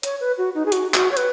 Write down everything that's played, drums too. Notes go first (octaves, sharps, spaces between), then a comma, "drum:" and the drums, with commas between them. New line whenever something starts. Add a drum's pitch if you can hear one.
C#5, drum: hi-hat
B4
F#4
D#4
G#4
F#4, drum: hi-hat
F#4, drum: clap
C#5
B4, drum: hi-hat